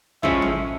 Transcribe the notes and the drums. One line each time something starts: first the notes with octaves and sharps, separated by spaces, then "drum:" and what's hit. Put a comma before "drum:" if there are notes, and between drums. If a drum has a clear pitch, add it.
A2 F3 G#3 C#4 E5, drum: kick
drum: tom